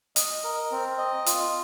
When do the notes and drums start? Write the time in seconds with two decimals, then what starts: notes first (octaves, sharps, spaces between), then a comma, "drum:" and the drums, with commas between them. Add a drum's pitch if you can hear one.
0.16 D#5, drum: hi-hat
0.44 A#4
0.72 C4
0.98 D#5
1.26 F4, drum: hi-hat